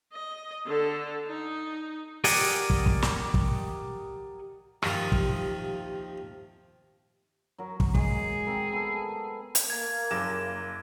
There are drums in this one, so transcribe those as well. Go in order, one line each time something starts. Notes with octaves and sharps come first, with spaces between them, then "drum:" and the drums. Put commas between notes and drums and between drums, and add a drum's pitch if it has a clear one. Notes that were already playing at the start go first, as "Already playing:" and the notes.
D#5
D3 A4
D#4
G4 A#4 D5 D#5 F#5 G#5, drum: open hi-hat
drum: kick
drum: kick
drum: snare
drum: kick
D#2 C3 F3 F4 D#6, drum: rim click
drum: kick
F#3 A#4
drum: kick
G#3 G#4, drum: kick
C4 A#4
B3 A4
drum: hi-hat
A#3 G#6
F#1 D6 E7